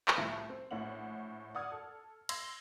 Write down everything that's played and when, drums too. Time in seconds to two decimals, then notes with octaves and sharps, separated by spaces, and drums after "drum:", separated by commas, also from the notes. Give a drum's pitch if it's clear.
0.08 drum: clap
0.17 C2 A2 F3 A3
0.50 C4
0.71 A#1 A2 C#5 F#5 F#7
1.55 D5 F#5 D#6 F6 G#6
1.72 A4
2.29 C6 E6 G#6 A#6 C7, drum: cymbal